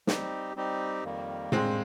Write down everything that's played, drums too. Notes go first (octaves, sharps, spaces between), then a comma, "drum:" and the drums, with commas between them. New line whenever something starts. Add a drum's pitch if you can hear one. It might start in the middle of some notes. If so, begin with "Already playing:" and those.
G3 C4 D#4 G4, drum: snare
G3 C4 D#4 G4
F2 D#3 G3 A#3
F2 D#3 G3 G#3 A#3 C4, drum: tom A2